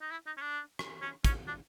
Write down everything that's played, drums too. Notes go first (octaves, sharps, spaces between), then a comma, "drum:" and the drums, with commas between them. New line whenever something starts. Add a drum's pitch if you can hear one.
D#4
E4
D#4
C#4
D4
drum: rim click
C#4
C#4, drum: kick, hi-hat
D4